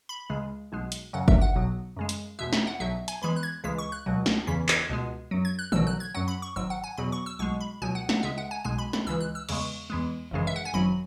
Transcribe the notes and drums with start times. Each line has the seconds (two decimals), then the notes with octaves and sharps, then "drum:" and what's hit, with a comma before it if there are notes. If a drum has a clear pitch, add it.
0.09 B5
0.30 C#2 C#3 G#3
0.72 B1 B2 G#3
0.92 drum: hi-hat
1.13 F#2 C#3 F#3 F#5
1.28 E5, drum: kick F#1
1.41 F#5
1.55 B1 B2 F#3
1.96 F#2 C#3 G#3
2.09 drum: hi-hat
2.39 E2 B2 G#3 E5
2.53 E5, drum: snare
2.67 F#5
2.80 B1 B2 F#3 E5
3.08 G#5, drum: hi-hat
3.22 E2 E3 G#3 B5
3.36 F#6
3.43 G#6
3.64 C#2 C#3 E3 G#3 B6
3.78 C#6
3.92 F#6
4.06 C#2 B2 F#3
4.26 drum: snare
4.47 E2 C#3 E3 B6
4.68 G#6, drum: clap
4.89 C#2 B2 G#3
5.31 F#2 F#3
5.45 G#6
5.59 F#6
5.72 B1 B2 F#3 E6, drum: tom D3
5.87 F#6
6.00 G#6
6.15 F#2 F#3 F#5
6.28 B5
6.42 C#6
6.56 G#1 G#2 F#3 E6
6.70 F#5
6.84 G#5
6.98 E2 B2 F#3 B5
7.12 C#6
7.26 E6
7.39 B1 B2 G#3 C#6
7.61 B5
7.82 C#2 B2 F#3 G#5
7.95 F#5
8.09 F#5, drum: snare
8.23 C#2 C#3 G#3 E5
8.38 F#5
8.51 G#5
8.65 B1 B2 G#3 G#5
8.78 B5
8.93 B5, drum: snare
9.07 C#2 C#3 E3 G#3 E6
9.20 F#6
9.35 E6
9.49 E2 C#3 G#3 C#6, drum: cymbal
9.90 E2 E3 G#3
10.31 G#1 F#2 C#3 E3 G#3
10.47 E5
10.56 F#5
10.65 G#5
10.74 G#1 F#2 F#3 B5